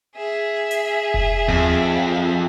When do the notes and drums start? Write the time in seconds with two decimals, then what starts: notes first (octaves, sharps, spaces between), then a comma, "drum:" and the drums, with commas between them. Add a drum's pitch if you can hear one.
0.16 G#4 E5
0.71 drum: hi-hat
1.14 drum: kick F1
1.48 F2, drum: tom D#2